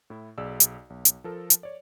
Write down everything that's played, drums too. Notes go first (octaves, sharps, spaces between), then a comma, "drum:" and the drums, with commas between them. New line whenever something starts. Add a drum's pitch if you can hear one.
A2 E4
B1 G#4 D5 E6
drum: hi-hat
B1
drum: hi-hat
F3 A4 A#4
drum: hi-hat
C#5 D5